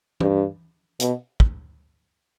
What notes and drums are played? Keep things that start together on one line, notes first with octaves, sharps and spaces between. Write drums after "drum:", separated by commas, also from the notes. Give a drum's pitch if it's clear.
G2, drum: tom
B2, drum: hi-hat
drum: kick